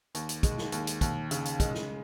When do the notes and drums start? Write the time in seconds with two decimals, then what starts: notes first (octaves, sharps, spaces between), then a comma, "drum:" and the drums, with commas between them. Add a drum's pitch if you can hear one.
0.15 D#2, drum: hi-hat
0.29 drum: hi-hat
0.43 G#3, drum: kick, hi-hat
0.58 drum: snare
0.72 D#2, drum: hi-hat
0.87 drum: hi-hat
1.01 D#2, drum: kick, hi-hat
1.31 C#3, drum: hi-hat
1.45 drum: hi-hat
1.60 G#3, drum: kick, hi-hat
1.75 drum: snare